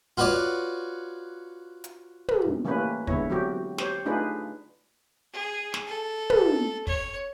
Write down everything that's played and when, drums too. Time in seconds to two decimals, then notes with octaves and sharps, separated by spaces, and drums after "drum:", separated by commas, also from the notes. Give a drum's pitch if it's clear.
0.17 F4 F#4 B4 C#5 D5
1.84 drum: hi-hat
2.28 drum: tom
2.65 E3 G3 A3 A#3 C#4 B4
3.07 D3 G#3 B3 E4 C#5, drum: kick
3.30 F#3 C4 F#4 G4
3.78 G4 C5 C#5, drum: snare
4.06 A3 D4 D#4 F4 G#4 B4
5.33 G#4
5.74 drum: snare
5.87 A4
6.30 drum: tom
6.87 C#5, drum: kick